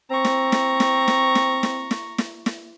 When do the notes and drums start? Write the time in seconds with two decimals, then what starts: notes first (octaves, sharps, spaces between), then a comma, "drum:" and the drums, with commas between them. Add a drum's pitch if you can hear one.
0.11 C4 A#5 C#6
0.25 drum: snare
0.52 drum: snare
0.80 drum: snare
1.08 drum: snare
1.35 drum: snare
1.63 drum: snare
1.91 drum: snare
2.18 drum: snare
2.46 drum: snare